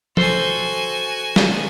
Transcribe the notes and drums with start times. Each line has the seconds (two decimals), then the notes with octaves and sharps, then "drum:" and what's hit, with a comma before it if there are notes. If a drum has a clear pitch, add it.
0.17 F#4 A4 C5 G#5, drum: tom
1.36 drum: snare